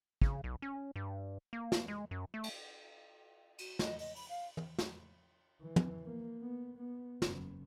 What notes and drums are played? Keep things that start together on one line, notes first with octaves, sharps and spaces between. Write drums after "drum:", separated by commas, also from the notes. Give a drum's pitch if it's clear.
C#3, drum: kick
B1
C#4
G2
A#3
drum: snare
G#3
F#2
A3
drum: cymbal
F#4, drum: cymbal
D#5, drum: snare
D#5, drum: open hi-hat
B5, drum: open hi-hat
F5
drum: tom
drum: snare
E3
drum: tom
A#3
B3
B3
F#1, drum: snare